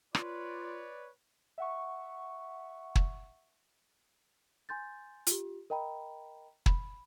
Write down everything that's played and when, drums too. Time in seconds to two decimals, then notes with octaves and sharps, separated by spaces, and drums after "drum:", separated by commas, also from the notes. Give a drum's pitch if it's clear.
0.15 F4 B4 C#5 D5, drum: rim click
1.58 E5 F#5 C#6
2.95 drum: kick
4.69 G#5 C6 G6 A6
5.27 F4 G4, drum: hi-hat
5.70 A#4 D#5 G5 A#5 B5
6.66 B5, drum: kick